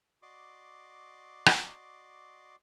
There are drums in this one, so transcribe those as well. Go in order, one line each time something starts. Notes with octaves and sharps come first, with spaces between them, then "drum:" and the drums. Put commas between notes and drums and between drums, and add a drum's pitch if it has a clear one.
F#4 D5 D#5 C6 D6
drum: rim click